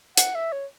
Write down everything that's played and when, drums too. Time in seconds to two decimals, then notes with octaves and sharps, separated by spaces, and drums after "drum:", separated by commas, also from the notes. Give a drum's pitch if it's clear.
0.17 F#5, drum: hi-hat
0.35 E5
0.53 C#5